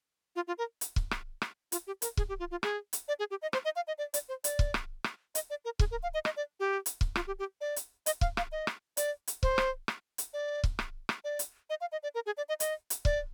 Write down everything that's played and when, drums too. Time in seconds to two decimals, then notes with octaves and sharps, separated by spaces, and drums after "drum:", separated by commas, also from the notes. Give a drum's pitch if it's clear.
0.36 F4
0.48 F4
0.58 A#4
0.81 drum: hi-hat
0.96 drum: kick
1.11 drum: rim click
1.42 drum: rim click
1.72 F4, drum: hi-hat
1.87 G4
2.02 A#4, drum: hi-hat
2.17 G#4, drum: kick
2.29 G4
2.40 F4
2.51 F4
2.63 G#4, drum: rim click
2.93 drum: hi-hat
3.08 D5
3.19 G#4
3.31 G4
3.42 D#5
3.53 C5, drum: rim click
3.65 D#5
3.76 F5
3.87 D#5
3.98 D5
4.14 D5, drum: hi-hat
4.29 C5
4.44 D5, drum: hi-hat
4.59 drum: kick
4.74 drum: rim click
5.04 drum: rim click
5.35 D#5, drum: hi-hat
5.50 D5
5.65 A#4
5.79 G#4, drum: kick
5.91 A#4
6.03 F5
6.14 D#5
6.25 D#5, drum: rim click
6.37 D5
6.60 G4
6.86 drum: hi-hat
7.01 drum: kick
7.16 F4, drum: rim click
7.27 G4
7.39 G4
7.61 D5
7.76 drum: hi-hat
8.06 D#5, drum: hi-hat
8.21 F5, drum: kick
8.37 F5, drum: rim click
8.52 D#5
8.67 drum: rim click
8.97 D5, drum: hi-hat
9.28 drum: hi-hat
9.43 C5, drum: kick
9.58 drum: rim click
9.88 drum: rim click
10.18 drum: hi-hat
10.33 D5
10.64 drum: kick
10.79 drum: rim click
11.09 drum: rim click
11.24 D5
11.39 drum: hi-hat
11.70 D#5
11.81 F5
11.92 D#5
12.03 D5
12.15 A#4
12.26 G#4
12.37 D5
12.49 D#5
12.60 D#5, drum: hi-hat
12.90 drum: hi-hat
13.05 D5, drum: kick